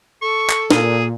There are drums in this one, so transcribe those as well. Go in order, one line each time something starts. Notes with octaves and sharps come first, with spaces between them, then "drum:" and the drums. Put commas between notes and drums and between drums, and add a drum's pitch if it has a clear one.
A4 C#6
drum: clap
A#2 G#4, drum: snare